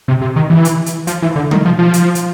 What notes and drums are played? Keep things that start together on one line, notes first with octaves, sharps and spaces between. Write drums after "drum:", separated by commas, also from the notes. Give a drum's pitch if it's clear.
C3
C3
D#3
E3
drum: hi-hat
drum: hi-hat
F3, drum: hi-hat
E3
D3
D#3, drum: tom
F3
F3
drum: hi-hat
drum: hi-hat